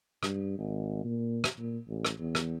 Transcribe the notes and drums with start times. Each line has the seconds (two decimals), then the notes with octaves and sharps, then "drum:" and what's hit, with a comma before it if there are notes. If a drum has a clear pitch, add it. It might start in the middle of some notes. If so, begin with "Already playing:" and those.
0.23 G2, drum: rim click
0.59 G#1
1.05 A#2
1.44 drum: rim click
1.59 A#2
1.88 A1
2.05 drum: rim click
2.19 E2
2.35 drum: rim click